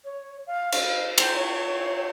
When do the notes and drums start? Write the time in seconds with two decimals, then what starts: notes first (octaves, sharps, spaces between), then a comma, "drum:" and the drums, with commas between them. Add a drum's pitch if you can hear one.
0.04 C#5
0.47 F5
0.72 F5, drum: cymbal
1.18 C5, drum: cymbal
1.35 C#5